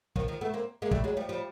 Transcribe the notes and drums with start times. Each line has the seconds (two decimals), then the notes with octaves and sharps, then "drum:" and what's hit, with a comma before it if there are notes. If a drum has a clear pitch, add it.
0.16 D#3 F3, drum: kick
0.28 D#3 F3
0.41 A3 B3
0.54 A#3 C4
0.82 G#3 A#3
0.91 G3 A3, drum: kick
1.04 F#3 G#3
1.17 F3 G3
1.29 F3 G3